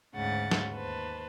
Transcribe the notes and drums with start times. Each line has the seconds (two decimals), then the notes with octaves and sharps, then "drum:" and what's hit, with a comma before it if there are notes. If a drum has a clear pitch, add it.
0.15 D2 G#2 C#3 F#5 A6
0.51 drum: snare
0.73 D#2 B4 C5 A5